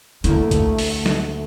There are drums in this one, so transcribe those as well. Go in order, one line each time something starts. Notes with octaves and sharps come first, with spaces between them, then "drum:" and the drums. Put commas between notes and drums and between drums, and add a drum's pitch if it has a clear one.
D2 A3 A#3 E4, drum: hi-hat
drum: kick G#1, hi-hat
drum: open hi-hat
drum: snare